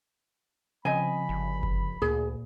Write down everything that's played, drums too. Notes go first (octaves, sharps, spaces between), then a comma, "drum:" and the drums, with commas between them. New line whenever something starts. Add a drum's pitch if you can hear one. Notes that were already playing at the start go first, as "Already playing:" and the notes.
C#3 F3 C4 D#5 G#5 B5
G1
drum: kick F#1
D2 A#2 G#4